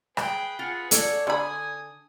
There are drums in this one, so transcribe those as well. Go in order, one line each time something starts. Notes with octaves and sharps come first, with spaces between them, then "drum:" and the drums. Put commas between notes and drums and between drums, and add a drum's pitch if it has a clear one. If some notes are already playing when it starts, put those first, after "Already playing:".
G#4 B4 G5, drum: rim click
F4 G#4 F#5
A4 C#5 D5, drum: hi-hat
D3 G#5 B5 D#6